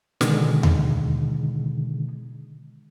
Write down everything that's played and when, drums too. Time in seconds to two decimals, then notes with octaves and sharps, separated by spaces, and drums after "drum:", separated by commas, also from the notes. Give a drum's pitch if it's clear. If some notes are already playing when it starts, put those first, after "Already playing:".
0.21 B2 D3 D#3 G#3, drum: snare
0.63 drum: tom D#2